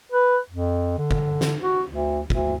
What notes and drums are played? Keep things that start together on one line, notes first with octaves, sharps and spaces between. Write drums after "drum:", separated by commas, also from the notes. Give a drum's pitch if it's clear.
B4
F2
D3
drum: kick
drum: snare
F#4
D2
D2, drum: kick